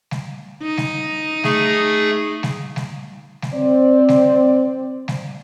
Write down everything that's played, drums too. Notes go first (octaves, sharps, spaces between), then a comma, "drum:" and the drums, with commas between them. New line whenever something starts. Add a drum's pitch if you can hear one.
drum: snare
D#4
drum: snare
A3 G#4, drum: snare
drum: snare
drum: snare
drum: snare
C4 C5 D5
drum: snare
drum: snare